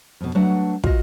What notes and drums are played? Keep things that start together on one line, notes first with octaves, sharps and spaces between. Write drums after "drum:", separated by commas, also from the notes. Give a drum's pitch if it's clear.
F2 B2
F#3 A3 D4 B4 F#5
F4 F#4 D#5, drum: kick